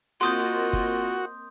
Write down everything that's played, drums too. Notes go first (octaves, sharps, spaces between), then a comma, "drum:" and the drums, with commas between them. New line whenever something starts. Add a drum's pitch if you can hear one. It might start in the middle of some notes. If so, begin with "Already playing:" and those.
A#3 C4 F4 F#4 D#5 C6 D#6 G6
drum: hi-hat
drum: kick